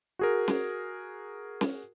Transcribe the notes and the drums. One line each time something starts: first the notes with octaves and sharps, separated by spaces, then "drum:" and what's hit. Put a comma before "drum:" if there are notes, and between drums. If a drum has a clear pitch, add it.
F#4 G#4 A#4
drum: snare
drum: snare